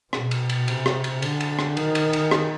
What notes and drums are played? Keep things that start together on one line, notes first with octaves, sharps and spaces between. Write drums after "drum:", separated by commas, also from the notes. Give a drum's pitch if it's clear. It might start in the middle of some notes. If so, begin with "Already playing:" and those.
B2, drum: rim click
drum: cymbal
drum: cymbal
C3, drum: cymbal
drum: rim click
drum: cymbal
D3, drum: cymbal
drum: cymbal
drum: rim click
D#3, drum: cymbal
drum: cymbal
drum: cymbal
drum: rim click